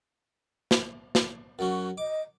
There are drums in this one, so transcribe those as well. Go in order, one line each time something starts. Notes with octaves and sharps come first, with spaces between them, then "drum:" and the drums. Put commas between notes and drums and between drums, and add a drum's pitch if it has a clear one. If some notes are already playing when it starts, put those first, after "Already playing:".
drum: snare
drum: snare
F#2 F#3 C#4 F#4
D#5 D6